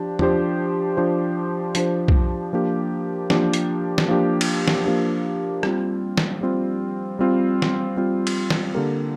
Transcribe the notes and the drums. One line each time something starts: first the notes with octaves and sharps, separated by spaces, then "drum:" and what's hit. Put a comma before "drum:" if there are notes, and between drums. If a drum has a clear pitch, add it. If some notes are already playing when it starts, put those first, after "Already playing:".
Already playing: F3 D4 G4
F3 D4 G4 C5, drum: tom E2
F3 D4 G4 C5
F3 D4 G4 C5, drum: hi-hat
drum: kick
F3 A#3 D4 G4
F3 A#3 D4 G4, drum: snare
drum: hi-hat
drum: snare
F3 A#3 D4 G4
drum: cymbal
drum: snare
F3 A#3 D4 G4
G3 C4 F4, drum: rim click
drum: snare
G3 C4 F4
G3 C4 F4
drum: snare
G3 C4 F4
drum: cymbal
drum: snare
D3 A#3 G4 A#4